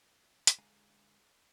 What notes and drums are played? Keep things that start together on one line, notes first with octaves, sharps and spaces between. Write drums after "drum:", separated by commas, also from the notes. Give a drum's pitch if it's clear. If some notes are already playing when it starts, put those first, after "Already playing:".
drum: hi-hat
D3 G#3 F5 G#5 A#5